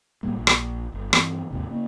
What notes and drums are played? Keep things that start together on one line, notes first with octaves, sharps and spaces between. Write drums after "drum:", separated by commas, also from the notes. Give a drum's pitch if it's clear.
A2 G3 G#3 A#3
A#1
drum: rim click
G1
G2 E3 F#3 C4, drum: rim click
D#2 G#2 C3
C#3 A#3